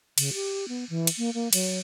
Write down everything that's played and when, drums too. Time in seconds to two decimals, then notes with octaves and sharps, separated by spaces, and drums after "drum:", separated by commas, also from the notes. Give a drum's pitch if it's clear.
0.18 C#3, drum: cymbal
0.34 G4
0.68 B3
0.90 E3
1.07 drum: cymbal
1.18 A#3
1.34 A#3
1.53 F#3, drum: cymbal